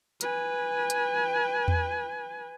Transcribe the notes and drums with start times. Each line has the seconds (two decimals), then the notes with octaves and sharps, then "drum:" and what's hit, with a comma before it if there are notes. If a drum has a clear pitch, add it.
0.21 B4 G#5, drum: hi-hat
0.90 drum: hi-hat
1.68 drum: tom E2